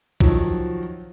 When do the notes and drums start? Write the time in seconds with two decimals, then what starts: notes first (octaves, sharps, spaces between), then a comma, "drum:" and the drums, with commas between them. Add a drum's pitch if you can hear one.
0.20 D#3 F3 F#3, drum: kick